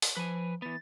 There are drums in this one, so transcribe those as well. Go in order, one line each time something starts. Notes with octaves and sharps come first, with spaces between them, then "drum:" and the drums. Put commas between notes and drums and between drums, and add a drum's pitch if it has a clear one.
drum: open hi-hat
F3 B4 G#5
E3 B3 A6